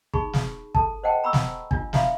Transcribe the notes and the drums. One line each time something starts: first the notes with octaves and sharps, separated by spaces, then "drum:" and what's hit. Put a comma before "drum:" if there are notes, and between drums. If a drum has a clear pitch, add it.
D#4 G#4 B5 C#6, drum: kick
drum: snare
A4 A5, drum: kick
C5 D#5 F#5 G5 A5
A#5 B5 C#6 E6
drum: snare
D4 F4, drum: kick
D4 E4 E5 F5 B5 C6, drum: snare